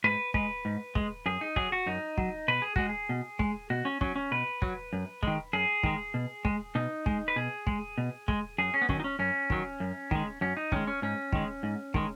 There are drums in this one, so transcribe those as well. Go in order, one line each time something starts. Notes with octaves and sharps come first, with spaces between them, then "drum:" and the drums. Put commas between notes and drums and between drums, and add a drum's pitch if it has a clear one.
G#2 B4
G#3 B4, drum: kick
G#2
G#3, drum: kick
F#2 G#4
D#4
F#3 G#4, drum: kick
F#4
F#2 D#4
F#3, drum: kick
B2 B4
G#4
G#3 F#4, drum: kick
G#4
B2
G#3, drum: kick
B2 F#4
C#4
F#3 C#4, drum: kick
C#4
B2 B4
F#3, drum: kick
F#2
D#3 G#3, drum: kick
F#2 G#4
D#3 G#3, drum: kick
B2
G#3, drum: kick
B2 D#4
G#3, drum: kick
B4
B2 G#4
G#3, drum: kick
B2
G#3, drum: kick
F#2 G#4
C#4
B3
D#3 F#3 C#4, drum: kick
D#4
C#4
F#2 C#4
D#3 F#3, drum: kick
F#2
D#3 G#3, drum: kick
F#2 C#4
D#4
D#3 G#3 C#4, drum: kick
C#4
G#2 C#4
D#3 G#3, drum: kick
G#2
D#3 G#3, drum: kick